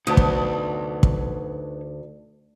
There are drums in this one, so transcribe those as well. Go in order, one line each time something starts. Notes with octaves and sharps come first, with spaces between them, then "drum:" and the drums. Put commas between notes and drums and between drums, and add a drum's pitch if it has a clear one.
D2 D#4 B4 C#5 A5 D#6
drum: kick
drum: kick